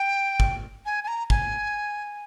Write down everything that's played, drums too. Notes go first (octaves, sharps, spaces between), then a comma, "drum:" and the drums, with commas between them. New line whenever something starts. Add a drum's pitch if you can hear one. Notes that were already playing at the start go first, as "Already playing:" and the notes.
Already playing: G5
drum: kick
G#5
G#5
A#5
G#5, drum: kick